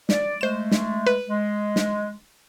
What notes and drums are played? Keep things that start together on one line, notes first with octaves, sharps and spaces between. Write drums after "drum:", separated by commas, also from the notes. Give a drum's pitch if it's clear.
D5, drum: snare
G#3 A3 C5 E7
drum: snare
B4
G#3
drum: snare